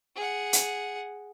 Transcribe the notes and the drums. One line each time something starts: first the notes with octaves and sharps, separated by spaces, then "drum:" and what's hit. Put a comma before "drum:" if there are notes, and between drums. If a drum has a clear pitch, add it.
G#4 F#5
drum: hi-hat